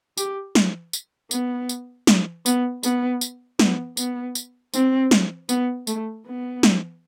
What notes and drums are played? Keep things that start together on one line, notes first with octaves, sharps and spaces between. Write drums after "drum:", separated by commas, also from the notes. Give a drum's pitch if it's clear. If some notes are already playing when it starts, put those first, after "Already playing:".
G4, drum: tambourine
drum: snare
drum: tambourine
B3, drum: tambourine
drum: tambourine
drum: snare
B3, drum: tambourine
B3, drum: tambourine
drum: tambourine
B3, drum: snare
B3, drum: tambourine
drum: tambourine
C4, drum: tambourine
drum: snare
B3, drum: tambourine
A3, drum: tambourine
B3
drum: snare